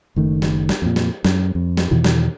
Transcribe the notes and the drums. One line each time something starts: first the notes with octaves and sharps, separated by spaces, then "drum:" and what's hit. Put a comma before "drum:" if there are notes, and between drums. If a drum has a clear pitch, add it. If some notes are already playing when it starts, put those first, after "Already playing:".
F#1 D#3 A3
drum: snare
drum: snare
F2 A#2
drum: snare
F#2, drum: snare
F2
drum: snare
E2 B2 D#3 E3
drum: snare